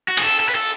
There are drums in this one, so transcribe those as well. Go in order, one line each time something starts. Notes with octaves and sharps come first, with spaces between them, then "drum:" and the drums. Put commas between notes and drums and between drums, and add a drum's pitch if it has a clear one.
F#4
G#4, drum: cymbal
A4
A4
B4
A4